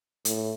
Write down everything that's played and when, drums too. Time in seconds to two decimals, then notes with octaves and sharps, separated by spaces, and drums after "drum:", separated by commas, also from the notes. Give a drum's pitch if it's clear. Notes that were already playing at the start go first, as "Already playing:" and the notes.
0.25 A2, drum: hi-hat